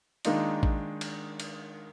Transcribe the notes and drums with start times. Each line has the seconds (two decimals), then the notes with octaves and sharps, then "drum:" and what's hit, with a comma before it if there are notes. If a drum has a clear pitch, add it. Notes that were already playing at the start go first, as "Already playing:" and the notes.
0.25 D#3 G#3 A#3 D4 D#4 F4, drum: cymbal
0.63 drum: kick A1
1.01 drum: cymbal
1.40 drum: cymbal